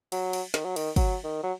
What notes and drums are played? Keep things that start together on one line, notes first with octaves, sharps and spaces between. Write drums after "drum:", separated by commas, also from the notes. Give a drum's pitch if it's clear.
F#3, drum: cymbal
drum: cymbal
D#3, drum: snare
F#3
D#3, drum: cymbal
F#3, drum: kick, cymbal
D#3
F#3